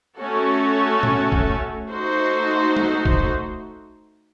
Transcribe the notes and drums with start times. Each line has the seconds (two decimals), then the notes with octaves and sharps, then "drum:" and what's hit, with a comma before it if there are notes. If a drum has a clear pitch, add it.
0.17 A3 C#4 F#4 A4
1.03 drum: tom A2
1.32 drum: kick A1
1.90 A3 D#4 F#4 C5
2.77 drum: tom G#3
3.05 drum: kick A1